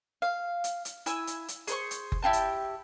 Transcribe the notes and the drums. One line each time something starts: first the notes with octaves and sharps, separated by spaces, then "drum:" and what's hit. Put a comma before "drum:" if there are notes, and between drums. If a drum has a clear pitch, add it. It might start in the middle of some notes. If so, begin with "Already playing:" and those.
F5
drum: hi-hat
drum: hi-hat
E4 G#5 E6, drum: hi-hat
drum: hi-hat
drum: hi-hat
G#4 C5 C#6, drum: hi-hat
drum: hi-hat
drum: kick F#1
E4 F4 G4 A5
drum: hi-hat